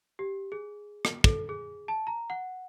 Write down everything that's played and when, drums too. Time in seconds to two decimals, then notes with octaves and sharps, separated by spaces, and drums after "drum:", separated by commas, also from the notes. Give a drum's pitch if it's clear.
0.19 G4
0.52 G#4
1.05 drum: rim click
1.24 A4, drum: kick
1.49 G#4
1.88 A5
2.07 A#5
2.30 F#5